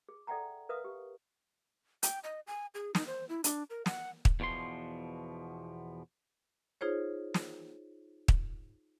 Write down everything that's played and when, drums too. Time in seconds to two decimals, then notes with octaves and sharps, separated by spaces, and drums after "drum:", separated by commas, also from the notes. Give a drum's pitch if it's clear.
0.09 G#4
0.27 A4 D5 E5 F#5 G5 A#5
0.69 A#4 B4 E5 F5 D#6
0.84 G4
2.03 G5, drum: hi-hat
2.24 D#5
2.47 G#5
2.75 G#4
2.95 D#4, drum: snare
3.07 C5
3.29 E4
3.44 D4, drum: hi-hat
3.70 A#4
3.86 F#5, drum: snare
4.25 drum: kick
4.40 E2 B2 F3 C6
6.81 D#4 F4 G#4 C5 C#5
7.34 drum: snare
8.28 drum: kick